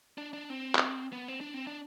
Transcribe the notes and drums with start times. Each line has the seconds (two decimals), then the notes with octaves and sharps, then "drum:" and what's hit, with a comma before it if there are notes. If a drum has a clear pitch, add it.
0.18 D4
0.33 D4
0.50 C4
0.75 drum: clap
1.12 B3
1.28 C4
1.41 D4
1.54 C4
1.67 D4